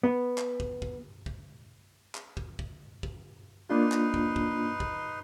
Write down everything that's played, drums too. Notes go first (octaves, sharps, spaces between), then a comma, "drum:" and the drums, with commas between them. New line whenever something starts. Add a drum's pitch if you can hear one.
B3
drum: clap
drum: kick
drum: kick
drum: kick
drum: clap
drum: kick
drum: kick
drum: kick
A#3 D4 D#4 F4 B4 C6
drum: clap
drum: kick
drum: kick
drum: kick